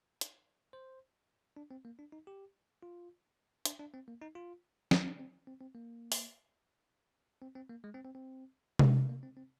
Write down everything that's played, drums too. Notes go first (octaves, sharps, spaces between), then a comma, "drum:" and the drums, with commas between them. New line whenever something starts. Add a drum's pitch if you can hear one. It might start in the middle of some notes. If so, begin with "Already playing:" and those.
drum: hi-hat
C5
D4
C4
A#3
D4
D#4
G4
F4
D4, drum: hi-hat
D4
C4
A#3
D#4
F4
D#4, drum: snare
D4
C4
C4
C4
A#3
drum: open hi-hat
C4
C4
A#3
G#3
C4
C4
C4
drum: tom C3
A#3
C4
C4